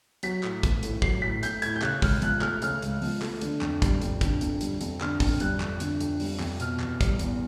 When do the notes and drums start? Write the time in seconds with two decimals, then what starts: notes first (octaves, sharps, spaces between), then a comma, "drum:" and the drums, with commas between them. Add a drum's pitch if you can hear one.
0.23 F#3 B6, drum: hi-hat
0.43 A2, drum: clap
0.63 A3, drum: kick, hi-hat
0.83 A2, drum: hi-hat
1.02 F#3 C7, drum: kick
1.22 A2 B6
1.43 A3 G6, drum: hi-hat
1.62 A2 G#6, drum: hi-hat
1.76 G6
1.82 C#3 F#6, drum: clap
2.02 C#2 F6, drum: kick, open hi-hat
2.22 F3 F#6, drum: hi-hat
2.41 A3 F6, drum: clap
2.62 C#3 F6, drum: hi-hat
2.82 C#2, drum: hi-hat
3.02 F3, drum: open hi-hat
3.22 A3, drum: clap
3.41 D3, drum: hi-hat
3.61 F2, drum: clap
3.82 G3, drum: kick, hi-hat
4.02 F2, drum: hi-hat
4.21 D3, drum: kick, hi-hat
4.41 F2, drum: hi-hat
4.61 G3, drum: hi-hat
4.81 F2, drum: hi-hat
5.01 D3 F6, drum: clap
5.20 F2, drum: kick, open hi-hat
5.40 G3 F#6, drum: hi-hat
5.60 F2, drum: clap
5.80 D3, drum: hi-hat
6.00 F2, drum: hi-hat
6.20 G3, drum: open hi-hat
6.40 F2, drum: clap
6.60 B2 F6, drum: hi-hat
6.80 E2, drum: clap
7.01 G3, drum: kick, hi-hat
7.19 E2, drum: hi-hat